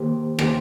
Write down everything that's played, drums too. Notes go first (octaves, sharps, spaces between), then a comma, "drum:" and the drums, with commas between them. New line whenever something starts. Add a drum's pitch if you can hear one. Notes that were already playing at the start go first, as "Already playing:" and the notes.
Already playing: D#3 A#3 G4 C5
D#3 A#3 G4 C5, drum: rim click